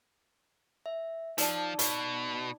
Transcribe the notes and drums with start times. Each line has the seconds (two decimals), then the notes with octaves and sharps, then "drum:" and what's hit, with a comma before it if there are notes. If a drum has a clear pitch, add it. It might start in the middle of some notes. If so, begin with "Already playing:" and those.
0.86 E5
1.38 F3 D#4 D5 A5, drum: hi-hat
1.79 B2, drum: hi-hat